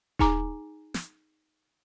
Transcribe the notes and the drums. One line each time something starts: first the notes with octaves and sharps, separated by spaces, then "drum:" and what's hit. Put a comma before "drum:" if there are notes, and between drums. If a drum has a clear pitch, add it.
D#4 G#4 G#5 A#5 D6, drum: kick D#1
drum: snare